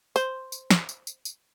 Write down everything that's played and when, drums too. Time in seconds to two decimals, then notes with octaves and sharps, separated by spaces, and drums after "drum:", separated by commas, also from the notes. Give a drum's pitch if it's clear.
0.16 C5, drum: tambourine
0.52 drum: tambourine
0.71 drum: snare
0.89 drum: tambourine
1.07 drum: tambourine
1.25 drum: tambourine